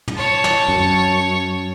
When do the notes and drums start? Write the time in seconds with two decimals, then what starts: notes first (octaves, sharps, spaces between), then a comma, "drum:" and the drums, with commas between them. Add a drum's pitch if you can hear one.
0.08 drum: tom
0.17 C#5 A5
0.44 drum: snare
0.68 F#2